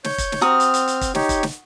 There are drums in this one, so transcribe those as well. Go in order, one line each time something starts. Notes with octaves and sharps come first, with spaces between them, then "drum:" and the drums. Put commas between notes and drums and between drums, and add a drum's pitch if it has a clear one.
C#5 G6, drum: snare
drum: kick, hi-hat
drum: snare
C4 F#4 A#5 D#6 F6
drum: hi-hat
drum: hi-hat
drum: hi-hat
drum: kick, hi-hat
D#4 G4 C#5, drum: snare
drum: kick, hi-hat
drum: snare